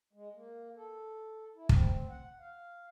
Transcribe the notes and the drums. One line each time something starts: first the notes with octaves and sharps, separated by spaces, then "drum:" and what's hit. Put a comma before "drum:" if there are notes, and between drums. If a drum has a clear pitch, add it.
G#3
A#3
A4
E4
C4, drum: kick
F#5
F5